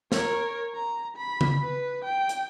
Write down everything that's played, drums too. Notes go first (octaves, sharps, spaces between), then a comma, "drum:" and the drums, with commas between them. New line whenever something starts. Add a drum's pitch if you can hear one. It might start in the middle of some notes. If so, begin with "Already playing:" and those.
A#4 C#5, drum: snare
A#5
B5
drum: tom C#3
B4
G5
drum: hi-hat